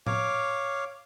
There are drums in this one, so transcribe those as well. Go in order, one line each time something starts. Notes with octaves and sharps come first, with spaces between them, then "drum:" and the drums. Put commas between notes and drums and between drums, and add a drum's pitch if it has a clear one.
C#5 F5 D6, drum: tom A2